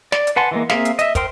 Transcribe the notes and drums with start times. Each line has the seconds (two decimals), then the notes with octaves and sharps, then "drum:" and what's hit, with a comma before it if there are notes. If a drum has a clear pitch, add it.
0.12 D5, drum: snare
0.27 drum: hi-hat
0.36 B4 F#5 G#5 A5 C6
0.51 E3 G#3 A#3
0.70 A#3 C4 G#4 E5 F5, drum: snare
0.85 drum: hi-hat
0.99 D#5 E5, drum: hi-hat
1.15 A#4 C5 G5 C6 F6, drum: kick, hi-hat